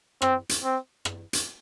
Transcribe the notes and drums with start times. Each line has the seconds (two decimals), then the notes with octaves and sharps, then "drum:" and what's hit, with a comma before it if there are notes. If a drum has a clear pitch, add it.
0.22 C4, drum: rim click
0.49 drum: hi-hat
0.64 C4
1.05 drum: rim click
1.33 drum: hi-hat